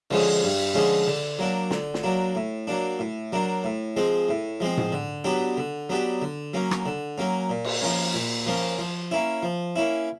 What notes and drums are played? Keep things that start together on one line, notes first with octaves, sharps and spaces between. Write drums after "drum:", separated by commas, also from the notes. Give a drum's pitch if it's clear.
D3 F3 G#3 C#4, drum: cymbal
G2
D3 F3 G#3 C#4
D3
F#3 A#3 D4
D3, drum: snare
drum: snare
F#3 A#3 D4
A2
F#3 A#3 D4
A2
F#3 A#3 D4
A2
F3 G#3 C4
A2
F3 G#3 C4
drum: tom A2
D3
F#3 B3 D4 G4
D3
F#3 B3 D4 G4
D3
F#3 A#3 C#4
drum: rim click
D3
F#3 A#3 C#4
A#2
drum: cymbal
F3 A#3 C#4
A#2
F3 A#3 C#4
F3
A#3 C#4 E4
F3
A#3 C#4 E4